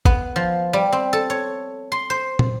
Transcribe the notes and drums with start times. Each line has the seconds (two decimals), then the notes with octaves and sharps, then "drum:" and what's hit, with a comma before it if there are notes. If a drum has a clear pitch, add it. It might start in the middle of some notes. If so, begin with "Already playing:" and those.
0.05 B3, drum: kick
0.36 F3
0.73 G3
0.92 C4
1.13 A4
1.30 C#5
1.92 C6
2.10 C5
2.39 drum: tom